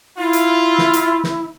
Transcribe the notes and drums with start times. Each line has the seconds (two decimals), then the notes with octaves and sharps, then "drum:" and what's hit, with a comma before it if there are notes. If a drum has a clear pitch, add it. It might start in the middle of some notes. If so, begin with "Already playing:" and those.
0.18 E4 F4
0.33 drum: hi-hat
0.78 drum: snare
0.93 drum: hi-hat
1.24 drum: snare